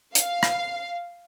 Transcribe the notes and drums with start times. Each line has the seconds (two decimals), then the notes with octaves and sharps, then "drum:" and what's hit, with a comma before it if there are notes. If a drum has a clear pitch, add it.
0.15 F5, drum: hi-hat
0.43 drum: rim click